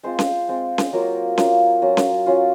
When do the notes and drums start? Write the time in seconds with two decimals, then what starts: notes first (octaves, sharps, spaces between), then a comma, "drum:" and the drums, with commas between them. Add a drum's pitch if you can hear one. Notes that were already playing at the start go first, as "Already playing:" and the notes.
0.03 G#3 C4 F4 C5
0.19 drum: snare C#4
0.48 G#3 C4 F4
0.78 drum: snare C#4
0.93 F#3 A#3 F4 A#4
1.38 F#3 A#3 F4, drum: snare C#4
1.82 F#3 C#4 F4
1.97 drum: snare C#4
2.26 F#3 C#4 F4